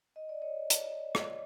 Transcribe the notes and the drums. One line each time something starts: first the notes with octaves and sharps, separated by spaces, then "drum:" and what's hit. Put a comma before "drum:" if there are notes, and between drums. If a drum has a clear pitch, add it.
D#5
D5
C#5 D#5
drum: hi-hat
drum: rim click